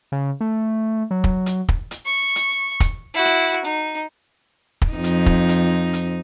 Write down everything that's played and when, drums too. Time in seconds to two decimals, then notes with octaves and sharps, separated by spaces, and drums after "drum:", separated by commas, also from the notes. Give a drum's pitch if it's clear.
0.12 C#3
0.41 A3
1.11 F#3
1.24 drum: kick
1.46 drum: hi-hat
1.69 drum: kick
1.91 drum: hi-hat
2.06 C#6
2.36 drum: hi-hat
2.80 drum: kick, hi-hat
3.14 E4 F#4
3.25 drum: hi-hat
3.65 D#4
4.82 drum: kick
4.92 F2 D#4
5.04 drum: hi-hat
5.26 drum: kick
5.49 drum: hi-hat
5.93 drum: hi-hat